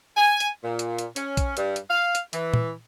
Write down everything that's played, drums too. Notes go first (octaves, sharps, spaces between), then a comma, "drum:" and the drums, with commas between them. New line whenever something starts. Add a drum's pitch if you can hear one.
G#5
drum: hi-hat
A#2
drum: hi-hat
drum: hi-hat
C#4, drum: hi-hat
drum: kick A#1, hi-hat
G2, drum: hi-hat
drum: hi-hat
F5
drum: hi-hat
E3, drum: hi-hat
drum: tom A#2